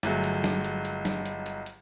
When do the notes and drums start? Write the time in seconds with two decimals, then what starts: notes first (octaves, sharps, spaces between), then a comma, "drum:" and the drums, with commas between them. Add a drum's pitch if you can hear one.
0.03 G1 F#3 G#3 A3, drum: hi-hat
0.24 drum: hi-hat
0.44 drum: snare
0.64 drum: hi-hat
0.85 drum: hi-hat
1.05 drum: snare
1.26 drum: hi-hat
1.46 drum: hi-hat
1.66 drum: hi-hat